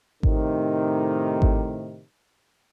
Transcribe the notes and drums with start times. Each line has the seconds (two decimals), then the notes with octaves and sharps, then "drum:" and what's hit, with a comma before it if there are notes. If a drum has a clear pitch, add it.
0.23 A2 C3 D#3, drum: kick G#1
1.42 drum: kick G#1